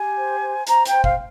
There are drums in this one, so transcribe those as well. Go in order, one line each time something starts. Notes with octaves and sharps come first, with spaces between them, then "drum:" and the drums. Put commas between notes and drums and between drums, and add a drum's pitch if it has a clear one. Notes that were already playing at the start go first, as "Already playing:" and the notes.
Already playing: G4 G#5
C5
C5
C5 A#5, drum: hi-hat
G5, drum: hi-hat
C5
F5, drum: kick